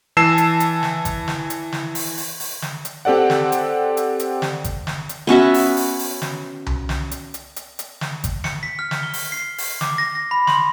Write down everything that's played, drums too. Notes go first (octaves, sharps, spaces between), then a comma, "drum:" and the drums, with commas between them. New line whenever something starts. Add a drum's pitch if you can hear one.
E3 A5 E6 C7 E7
drum: hi-hat
drum: hi-hat
drum: snare
drum: kick G#1, hi-hat
drum: snare
drum: hi-hat
drum: snare
drum: open hi-hat
drum: open hi-hat
drum: open hi-hat
drum: snare
drum: hi-hat
C4 G4 A4 D5 F#5
drum: snare
drum: hi-hat
drum: hi-hat
drum: hi-hat
drum: snare
drum: kick G#1, hi-hat
drum: snare
drum: hi-hat
B3 C#4 F#4 E5
drum: open hi-hat
drum: open hi-hat
drum: open hi-hat
drum: snare
drum: tom C2
drum: snare
drum: hi-hat
drum: hi-hat
drum: hi-hat
drum: hi-hat
drum: snare
drum: kick G#1, hi-hat
C#7, drum: snare
B6
F6
drum: snare
G7
drum: open hi-hat
C7
drum: open hi-hat
D6, drum: snare
A#6
A#6
B5
C6, drum: snare